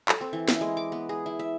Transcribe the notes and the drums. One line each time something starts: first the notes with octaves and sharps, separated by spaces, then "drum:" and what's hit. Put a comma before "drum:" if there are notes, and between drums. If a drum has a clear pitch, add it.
A4, drum: clap
C4
E3
E4, drum: snare
G#3
D6
B3
G#4
E4
E5